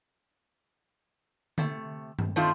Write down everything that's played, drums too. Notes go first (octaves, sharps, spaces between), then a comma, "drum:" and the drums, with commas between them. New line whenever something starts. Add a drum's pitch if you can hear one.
C3 A3, drum: tom D3
drum: tom G2
D#3 A3 C4 D4 F4